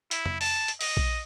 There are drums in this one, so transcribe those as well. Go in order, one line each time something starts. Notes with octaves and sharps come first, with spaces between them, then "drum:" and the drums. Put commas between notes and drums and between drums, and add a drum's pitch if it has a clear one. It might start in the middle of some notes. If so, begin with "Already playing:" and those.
E4, drum: hi-hat
drum: tom F2
A5, drum: open hi-hat
drum: hi-hat
D#5, drum: open hi-hat
drum: kick A#1